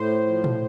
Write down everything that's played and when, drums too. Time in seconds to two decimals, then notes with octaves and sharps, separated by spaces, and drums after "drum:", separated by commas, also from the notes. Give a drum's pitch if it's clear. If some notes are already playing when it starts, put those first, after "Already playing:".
Already playing: A2 C5
0.26 F3
0.44 drum: tom